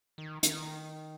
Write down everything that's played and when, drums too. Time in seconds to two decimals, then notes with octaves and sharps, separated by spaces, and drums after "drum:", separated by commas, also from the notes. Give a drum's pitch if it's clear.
0.18 D#3
0.43 D#3, drum: hi-hat